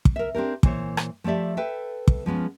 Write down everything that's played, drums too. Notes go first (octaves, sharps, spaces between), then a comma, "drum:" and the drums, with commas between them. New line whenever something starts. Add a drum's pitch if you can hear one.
drum: kick
A#4 E5
C4 D4 G4 A#4
A#2 E3 C5 C#5, drum: kick
drum: rim click
F3 A3 G4 D5 E5
A4 B4 E5 G5
drum: kick
F3 G#3 B3 C#4